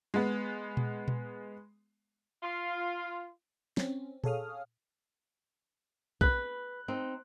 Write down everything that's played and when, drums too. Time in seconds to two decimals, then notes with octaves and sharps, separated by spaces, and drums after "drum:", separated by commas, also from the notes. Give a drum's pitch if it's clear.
0.14 G#3 B3
0.77 drum: tom A#2
1.08 drum: tom A#2
2.43 F4
3.77 C4 C#4, drum: snare
4.24 G#4 A4 C#5 F5 D#6 F6, drum: tom A#2
6.21 B4 F#6, drum: kick
6.88 C4 D#4